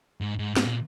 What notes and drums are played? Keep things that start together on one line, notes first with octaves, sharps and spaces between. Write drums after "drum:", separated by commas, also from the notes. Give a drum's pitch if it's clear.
G#2
G#2
G#2, drum: snare
A#2